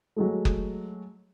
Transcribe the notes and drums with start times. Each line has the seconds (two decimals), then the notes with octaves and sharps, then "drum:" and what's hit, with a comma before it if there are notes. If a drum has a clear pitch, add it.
0.16 F#3 G#3 A3
0.45 drum: kick F#1